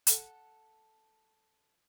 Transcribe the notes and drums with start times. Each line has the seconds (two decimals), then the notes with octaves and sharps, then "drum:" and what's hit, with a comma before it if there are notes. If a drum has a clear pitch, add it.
0.07 A4 F#5, drum: hi-hat